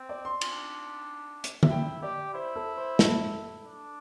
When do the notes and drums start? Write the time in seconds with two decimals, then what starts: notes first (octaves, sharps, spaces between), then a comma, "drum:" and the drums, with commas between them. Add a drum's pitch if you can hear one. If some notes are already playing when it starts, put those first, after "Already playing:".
Already playing: C4
0.09 D5
0.25 C6
0.41 D4, drum: cymbal
1.44 drum: hi-hat
1.63 E5, drum: tom D3
1.70 E4 G5
2.02 G4 D5
2.34 E4 C5
2.56 A4
2.77 C5
2.99 A4, drum: snare
3.63 D4